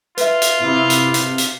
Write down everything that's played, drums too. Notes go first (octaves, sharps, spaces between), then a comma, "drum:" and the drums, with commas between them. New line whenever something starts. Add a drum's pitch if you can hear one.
F4 B4 E5, drum: hi-hat
drum: hi-hat
C3 E4
drum: hi-hat
drum: hi-hat
drum: hi-hat